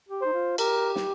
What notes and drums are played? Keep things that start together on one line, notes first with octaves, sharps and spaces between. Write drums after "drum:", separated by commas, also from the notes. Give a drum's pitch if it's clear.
G4
D#4 C5
F4
G4 A#4, drum: cymbal
drum: snare